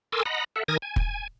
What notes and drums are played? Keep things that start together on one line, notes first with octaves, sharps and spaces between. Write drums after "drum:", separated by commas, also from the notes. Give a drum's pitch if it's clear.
A4 A#4 G#5 C6 D6 E6
D#5 F#5 A#5 B5
A4 E5 F#5
D#3 A#4 G#5 D#6 G#6 A#6
G#5
drum: kick